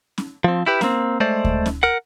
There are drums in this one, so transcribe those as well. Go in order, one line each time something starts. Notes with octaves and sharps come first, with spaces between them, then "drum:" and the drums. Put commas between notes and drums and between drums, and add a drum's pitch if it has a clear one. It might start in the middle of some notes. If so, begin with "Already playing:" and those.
drum: snare C#4
F3 C4
E4 G4 B4
A#3 C4, drum: snare C#4
G#3 A3 C5 D5
drum: kick D2
drum: snare C#4
A#4 F#5